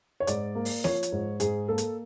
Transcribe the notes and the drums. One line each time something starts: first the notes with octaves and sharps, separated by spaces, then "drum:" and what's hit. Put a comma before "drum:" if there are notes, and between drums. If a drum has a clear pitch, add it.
C#5
G#2 D5, drum: hi-hat
A#3
drum: open hi-hat
F3 C#5, drum: snare A#3
drum: hi-hat
G#2
G#2 G#4, drum: hi-hat
A#3 A4
drum: hi-hat